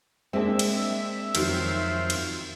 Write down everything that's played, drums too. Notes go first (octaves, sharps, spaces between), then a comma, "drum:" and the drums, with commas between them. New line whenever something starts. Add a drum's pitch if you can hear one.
G#3 A#3 C4 D4 E5
drum: cymbal
F2 D#3 F#3 C4 F5, drum: cymbal
drum: cymbal